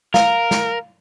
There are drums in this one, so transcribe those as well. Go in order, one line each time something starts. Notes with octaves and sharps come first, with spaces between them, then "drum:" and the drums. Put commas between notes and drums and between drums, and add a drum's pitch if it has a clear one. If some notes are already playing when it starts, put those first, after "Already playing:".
A#4 F5, drum: snare
drum: snare